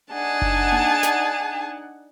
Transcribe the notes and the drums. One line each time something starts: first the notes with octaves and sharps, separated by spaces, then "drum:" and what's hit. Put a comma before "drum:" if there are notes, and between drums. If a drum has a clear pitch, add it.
D4 D#4 G#4 F#5 A5
drum: kick F#1
drum: tom A#3
drum: snare